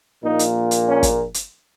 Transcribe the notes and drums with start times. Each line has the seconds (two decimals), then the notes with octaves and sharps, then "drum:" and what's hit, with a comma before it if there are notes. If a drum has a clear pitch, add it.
0.23 A#1 A#2 A#3 D#4
0.39 drum: hi-hat
0.71 drum: hi-hat
0.87 C#4
1.03 drum: kick, hi-hat
1.34 drum: hi-hat